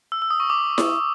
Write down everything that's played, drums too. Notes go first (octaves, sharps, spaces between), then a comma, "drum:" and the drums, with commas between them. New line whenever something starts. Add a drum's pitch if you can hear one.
E6
E6
D#6
C#6
D6
drum: snare E4